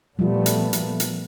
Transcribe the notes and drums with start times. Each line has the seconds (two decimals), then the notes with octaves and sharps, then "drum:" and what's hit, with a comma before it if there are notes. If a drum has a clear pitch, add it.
0.19 A#2 F3 G3 A3 B3 F4
0.46 drum: hi-hat
0.73 drum: hi-hat
1.00 drum: hi-hat